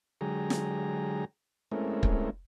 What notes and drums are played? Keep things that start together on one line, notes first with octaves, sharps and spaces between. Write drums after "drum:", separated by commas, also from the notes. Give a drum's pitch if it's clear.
D3 F#3 G#3 G4 G#4 A#5
drum: snare
G#3 A3 C4 C#4 E4 A#4
drum: kick